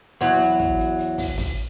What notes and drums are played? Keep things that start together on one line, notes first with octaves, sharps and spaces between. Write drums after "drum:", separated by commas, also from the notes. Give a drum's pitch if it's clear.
E2 F#3, drum: hi-hat
drum: hi-hat
drum: kick, hi-hat
drum: hi-hat
drum: hi-hat
drum: kick, open hi-hat
drum: kick, open hi-hat